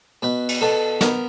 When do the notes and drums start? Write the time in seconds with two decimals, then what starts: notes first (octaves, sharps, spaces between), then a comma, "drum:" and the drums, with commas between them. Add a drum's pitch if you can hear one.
0.22 B2 B4
0.49 drum: cymbal
0.61 B2 A4
1.01 B3 A#4, drum: snare